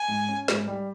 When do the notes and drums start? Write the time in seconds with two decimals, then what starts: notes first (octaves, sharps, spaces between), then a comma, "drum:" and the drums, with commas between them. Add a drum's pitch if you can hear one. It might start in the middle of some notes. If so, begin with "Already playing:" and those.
Already playing: G#5
0.08 G#2
0.29 C#4
0.48 G#2, drum: snare
0.67 G3